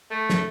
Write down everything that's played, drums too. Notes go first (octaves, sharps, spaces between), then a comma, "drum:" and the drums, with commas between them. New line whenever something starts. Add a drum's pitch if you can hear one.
A3
drum: snare